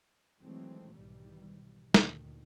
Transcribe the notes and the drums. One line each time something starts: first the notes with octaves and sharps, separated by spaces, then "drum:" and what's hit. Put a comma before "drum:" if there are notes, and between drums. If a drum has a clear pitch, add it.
D#3 E3 F#3 G#3 A3 C4
B1 G#2 B2 D#3 E3 G3
D2 G2 A#2 D#3, drum: snare